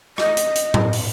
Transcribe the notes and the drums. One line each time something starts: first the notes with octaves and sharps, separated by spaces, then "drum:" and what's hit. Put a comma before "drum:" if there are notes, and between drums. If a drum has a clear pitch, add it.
D#5, drum: rim click
drum: hi-hat
drum: hi-hat
drum: tom A2
drum: open hi-hat